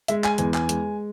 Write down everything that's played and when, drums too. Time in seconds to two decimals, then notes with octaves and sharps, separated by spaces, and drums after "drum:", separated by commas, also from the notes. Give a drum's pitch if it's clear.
0.08 G#3 E5, drum: hi-hat
0.24 G#5, drum: clap
0.38 E2 G#5, drum: hi-hat
0.54 G#5, drum: clap
0.69 G#3, drum: hi-hat